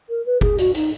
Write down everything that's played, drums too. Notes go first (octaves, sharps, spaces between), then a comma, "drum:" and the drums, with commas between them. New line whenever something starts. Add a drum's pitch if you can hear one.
A#4
B4
G#4, drum: kick F#1
F#4, drum: hi-hat
D#4, drum: hi-hat